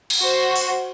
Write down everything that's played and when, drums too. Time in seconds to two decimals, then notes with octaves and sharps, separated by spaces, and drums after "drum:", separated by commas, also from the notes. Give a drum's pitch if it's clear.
0.10 drum: cymbal
0.21 F#4 C5
0.56 drum: open hi-hat